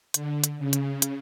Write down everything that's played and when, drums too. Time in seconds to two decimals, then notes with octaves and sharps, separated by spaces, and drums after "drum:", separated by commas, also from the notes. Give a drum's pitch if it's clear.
0.14 D3, drum: hi-hat
0.44 drum: hi-hat
0.58 C#3
0.73 drum: hi-hat
1.02 drum: hi-hat